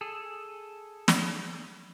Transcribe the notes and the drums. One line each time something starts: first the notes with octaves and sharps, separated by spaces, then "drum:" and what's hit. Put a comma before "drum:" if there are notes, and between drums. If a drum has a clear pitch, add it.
G#4 A4
drum: snare